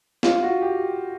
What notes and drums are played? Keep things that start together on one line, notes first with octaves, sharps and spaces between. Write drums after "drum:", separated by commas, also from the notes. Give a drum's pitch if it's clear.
F4, drum: snare
F#4
G4